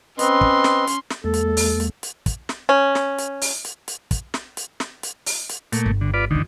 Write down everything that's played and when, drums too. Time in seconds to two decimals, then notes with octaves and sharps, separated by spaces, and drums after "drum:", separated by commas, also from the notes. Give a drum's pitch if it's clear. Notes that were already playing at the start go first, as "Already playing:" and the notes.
0.19 C4 C#4 B4 D#5 C6, drum: hi-hat
0.41 drum: kick
0.64 drum: snare
0.87 drum: hi-hat
1.10 drum: snare
1.24 E2 G#3 A#3 A4
1.34 drum: hi-hat
1.57 drum: open hi-hat
1.80 drum: hi-hat
2.03 drum: hi-hat
2.26 drum: kick, hi-hat
2.49 drum: snare
2.69 C#4
2.95 drum: snare
3.18 drum: hi-hat
3.41 drum: open hi-hat
3.65 drum: hi-hat
3.88 drum: hi-hat
4.11 drum: kick, hi-hat
4.34 drum: snare
4.57 drum: hi-hat
4.80 drum: snare
5.03 drum: hi-hat
5.26 drum: open hi-hat
5.49 drum: hi-hat
5.72 A#2 A3, drum: hi-hat
5.86 G1
6.01 D3
6.14 F4 B4 D5
6.31 A#1 F#2 D3 D#3